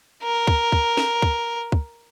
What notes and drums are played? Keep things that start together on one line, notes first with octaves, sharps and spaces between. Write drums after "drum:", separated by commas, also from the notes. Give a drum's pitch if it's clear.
A#4
drum: kick
drum: kick
drum: snare
drum: kick
drum: kick